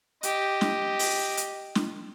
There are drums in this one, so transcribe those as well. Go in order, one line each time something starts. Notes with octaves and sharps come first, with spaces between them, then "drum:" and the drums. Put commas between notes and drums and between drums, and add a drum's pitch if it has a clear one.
G4 D#5, drum: hi-hat
drum: snare
drum: open hi-hat
drum: hi-hat
drum: snare